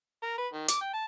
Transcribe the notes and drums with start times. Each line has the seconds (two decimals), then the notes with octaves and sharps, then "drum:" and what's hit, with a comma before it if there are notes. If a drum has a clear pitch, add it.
0.22 A#4
0.38 B4
0.53 D#3
0.68 D6, drum: hi-hat
0.81 G5
0.93 A5